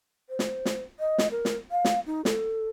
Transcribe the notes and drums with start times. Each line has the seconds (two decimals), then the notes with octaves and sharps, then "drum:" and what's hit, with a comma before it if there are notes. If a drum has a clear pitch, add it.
0.30 C5
0.39 drum: snare
0.65 drum: snare
1.00 D#5
1.18 drum: snare
1.31 A#4
1.45 drum: snare
1.71 F5
1.85 drum: snare
2.06 D#4
2.25 A4, drum: snare